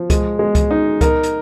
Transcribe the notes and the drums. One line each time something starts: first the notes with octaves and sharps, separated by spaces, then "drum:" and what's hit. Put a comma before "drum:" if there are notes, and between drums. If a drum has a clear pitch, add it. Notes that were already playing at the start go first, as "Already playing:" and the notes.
Already playing: F3
G#3, drum: kick C#2, hi-hat
G#3
drum: kick C#2, hi-hat
D#4
A#4, drum: kick C#2, hi-hat
drum: hi-hat